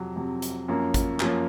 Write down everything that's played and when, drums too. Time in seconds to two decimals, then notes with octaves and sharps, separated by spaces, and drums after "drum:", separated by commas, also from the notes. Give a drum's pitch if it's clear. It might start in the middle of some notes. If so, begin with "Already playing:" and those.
Already playing: F2 C3 F#3
0.16 F2 C3 F#3
0.42 drum: hi-hat
0.68 F#2 F3 A#3 C#4
0.94 drum: kick G#1, hi-hat
1.20 F#2 F3 A#3 C#4, drum: clap